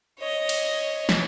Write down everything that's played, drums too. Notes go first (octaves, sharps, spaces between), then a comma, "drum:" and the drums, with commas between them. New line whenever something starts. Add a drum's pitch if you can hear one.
C#5 D#5
drum: cymbal
drum: snare